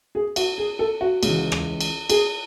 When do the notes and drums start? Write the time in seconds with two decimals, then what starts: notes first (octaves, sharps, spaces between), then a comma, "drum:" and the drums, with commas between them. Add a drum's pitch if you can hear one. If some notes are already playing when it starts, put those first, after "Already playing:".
0.15 G#4
0.36 F#4, drum: cymbal
0.58 G#4
0.79 A4
1.01 F#4
1.23 C#2 C#3 E3, drum: cymbal
1.52 drum: rim click
1.81 drum: cymbal
2.10 G#4, drum: cymbal